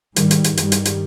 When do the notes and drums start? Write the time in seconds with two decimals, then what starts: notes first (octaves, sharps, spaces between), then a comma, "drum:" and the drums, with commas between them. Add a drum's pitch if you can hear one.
0.16 G#2 D#3 G3, drum: hi-hat
0.31 drum: hi-hat
0.44 drum: hi-hat
0.57 G2 D#3 G3, drum: hi-hat
0.72 drum: hi-hat
0.85 drum: hi-hat